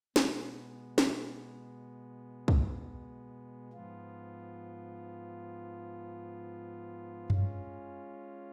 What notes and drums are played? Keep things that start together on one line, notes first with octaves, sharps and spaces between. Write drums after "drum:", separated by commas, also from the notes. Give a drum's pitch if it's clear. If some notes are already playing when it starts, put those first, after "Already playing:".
B2 G#3 B3, drum: snare
drum: snare
drum: kick
G#2 F3 B3 F4
G#3 C#4 F4, drum: tom F#2